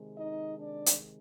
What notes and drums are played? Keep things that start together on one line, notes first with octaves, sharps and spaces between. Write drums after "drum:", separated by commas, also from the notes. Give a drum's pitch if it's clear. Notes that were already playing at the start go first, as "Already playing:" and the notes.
Already playing: C3 D#3 G#3
D#4 D#5
D4 D5
drum: hi-hat